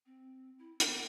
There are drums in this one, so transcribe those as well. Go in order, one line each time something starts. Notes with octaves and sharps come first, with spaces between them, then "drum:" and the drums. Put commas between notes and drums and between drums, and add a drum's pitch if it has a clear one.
C4
E4
B3, drum: hi-hat